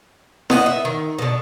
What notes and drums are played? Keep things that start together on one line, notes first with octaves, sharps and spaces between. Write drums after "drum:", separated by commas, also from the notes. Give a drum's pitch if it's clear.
B3 D#5 F#5, drum: snare E4
E5
D#3
B2 D3